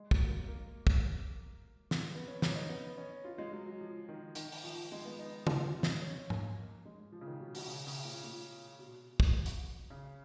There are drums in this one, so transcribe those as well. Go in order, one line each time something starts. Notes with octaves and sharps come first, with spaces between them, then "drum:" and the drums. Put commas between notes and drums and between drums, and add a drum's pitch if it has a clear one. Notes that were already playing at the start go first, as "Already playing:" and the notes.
Already playing: G#3
F#3, drum: kick
A#3
A#3
drum: kick
drum: snare
B3
C#4
C#4, drum: snare
D#4
B3
C#4
F4
G#3
F#3
F#3
F3
D#3
D#3, drum: hi-hat
drum: open hi-hat
F3
G#3
B3
D#4
F4, drum: tom C#3
F4
D#4, drum: snare
C#4
A#3, drum: tom G#2
G#3
F3
C#3
D#3
B2
B2, drum: open hi-hat
C#3
C#3, drum: open hi-hat
A#2
A#2
B2
drum: kick
drum: hi-hat
C#3